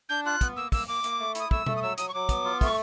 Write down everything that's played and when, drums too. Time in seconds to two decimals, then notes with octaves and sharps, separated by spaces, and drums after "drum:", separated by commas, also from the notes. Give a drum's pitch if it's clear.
0.09 D4 G6
0.25 F4 F#6
0.41 B3, drum: kick, hi-hat
0.56 A#3 E6
0.72 A#3 E6, drum: kick, open hi-hat
0.88 A#3 D6
1.04 A#3, drum: hi-hat
1.19 A3
1.35 E4 D#6, drum: hi-hat
1.51 A3 E6, drum: kick
1.66 A3, drum: tom B2
1.76 D#6
1.82 F#3 E6
1.97 F#3 D#6, drum: hi-hat
2.09 C#6
2.14 F#3 D6
2.29 B3, drum: kick, hi-hat
2.45 F4
2.61 A3 C#6, drum: kick, open hi-hat